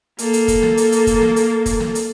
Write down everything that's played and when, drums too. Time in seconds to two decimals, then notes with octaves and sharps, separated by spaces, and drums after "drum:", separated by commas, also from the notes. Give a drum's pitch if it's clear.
0.19 A#3 A4, drum: hi-hat
0.33 drum: hi-hat
0.48 drum: kick, hi-hat
0.63 drum: snare
0.77 drum: hi-hat
0.92 drum: hi-hat
1.07 drum: kick, hi-hat
1.22 drum: snare
1.36 drum: hi-hat
1.66 drum: kick, hi-hat
1.80 drum: snare
1.95 drum: hi-hat